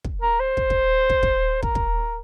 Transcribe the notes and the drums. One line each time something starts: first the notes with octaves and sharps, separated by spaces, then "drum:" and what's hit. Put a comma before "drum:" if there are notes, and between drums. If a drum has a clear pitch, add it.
drum: kick
A#4
C5
drum: kick
drum: kick
drum: kick
drum: kick
A#4, drum: kick
drum: kick